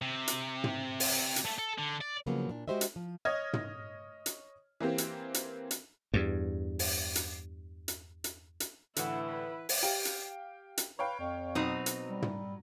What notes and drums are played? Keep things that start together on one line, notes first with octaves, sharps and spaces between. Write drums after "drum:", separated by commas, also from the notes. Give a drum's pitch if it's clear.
C3
drum: hi-hat
drum: tom
drum: open hi-hat
drum: hi-hat
A3
A4
D3
D5
C#3 F3 F#3 A#3 B3
A#2 D4
G#3 F#4 G4 C5 D#5 E5
drum: hi-hat
F3
C#5 D#5 F6 G#6
drum: tom
drum: hi-hat
E3 A#3 C4 G4
drum: hi-hat
drum: hi-hat
drum: hi-hat
E2 G2
drum: open hi-hat
drum: hi-hat
drum: hi-hat
drum: hi-hat
drum: hi-hat
A2 D3 E3 E4 F#5, drum: hi-hat
B4
drum: open hi-hat
G4 F5 G5
drum: hi-hat
drum: hi-hat
B4 C#5 F5 G5
F2
B2 F#3 C4 D#4
drum: hi-hat
G3
drum: tom